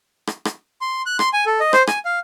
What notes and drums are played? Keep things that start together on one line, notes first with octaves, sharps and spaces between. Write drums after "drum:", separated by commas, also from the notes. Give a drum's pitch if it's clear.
drum: rim click
drum: rim click
C6
F#6
C6, drum: rim click
G#5
A4
D#5
C5, drum: rim click
G#5, drum: rim click
F5